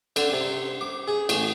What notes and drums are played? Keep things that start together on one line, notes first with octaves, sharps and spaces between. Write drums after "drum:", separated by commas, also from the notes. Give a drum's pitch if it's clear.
D3, drum: cymbal
C3
D6
G#4
A1, drum: cymbal